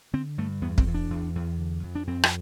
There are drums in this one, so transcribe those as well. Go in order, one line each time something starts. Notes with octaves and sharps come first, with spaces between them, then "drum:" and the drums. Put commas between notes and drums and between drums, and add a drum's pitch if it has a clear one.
D3 C4
G2 A3
E2 B3
C4, drum: kick
E2
D4
E2
E2
D3
F2
D4
F2 C4
drum: rim click